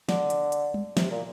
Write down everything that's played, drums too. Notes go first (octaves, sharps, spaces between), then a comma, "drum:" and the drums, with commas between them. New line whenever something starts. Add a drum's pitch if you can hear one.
D3, drum: snare
drum: hi-hat
drum: hi-hat
drum: tom G3
C3, drum: snare
A#2